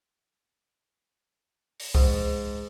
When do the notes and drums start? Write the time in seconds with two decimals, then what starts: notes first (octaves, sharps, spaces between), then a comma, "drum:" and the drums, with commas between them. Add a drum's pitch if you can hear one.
1.80 drum: open hi-hat
1.95 G#2, drum: kick C2